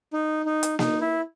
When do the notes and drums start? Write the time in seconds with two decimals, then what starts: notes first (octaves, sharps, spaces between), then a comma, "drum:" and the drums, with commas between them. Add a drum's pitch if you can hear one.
0.13 D#4
0.46 D#4
0.63 drum: hi-hat
0.79 D#4, drum: snare A#3
1.01 E4